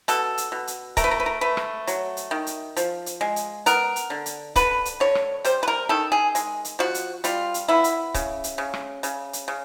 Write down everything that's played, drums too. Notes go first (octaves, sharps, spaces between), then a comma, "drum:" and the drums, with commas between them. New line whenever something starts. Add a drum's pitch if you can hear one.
B2 A4, drum: hi-hat
drum: hi-hat
B2
drum: hi-hat
A3 A#4, drum: kick C#1, hi-hat
B4
A#4
B4
A#4
A3 B4
drum: rim click
F#3, drum: hi-hat
drum: hi-hat
D#3
drum: hi-hat
F3, drum: hi-hat
drum: hi-hat
G#3
drum: hi-hat
B3 A#4, drum: hi-hat
drum: hi-hat
D3
drum: hi-hat
D3 B4, drum: kick C#1, hi-hat
drum: hi-hat
D3 C#5
drum: rim click
G3 C5, drum: hi-hat
B4
A#4
D#3 A4
G#4
G#3, drum: hi-hat
drum: hi-hat
F3 F#4
drum: hi-hat
G3 F4, drum: hi-hat
drum: hi-hat
B3 E4
drum: hi-hat
C#3, drum: kick C#1, hi-hat
drum: hi-hat
C#3
drum: rim click
C#3, drum: hi-hat
drum: hi-hat
C#3